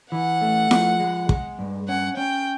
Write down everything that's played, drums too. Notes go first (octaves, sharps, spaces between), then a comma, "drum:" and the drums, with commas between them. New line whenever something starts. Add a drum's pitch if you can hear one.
E3 F#5
A3
F3, drum: snare E4
G#3
G#3, drum: kick
G2
C#4 F#5
C#4 G5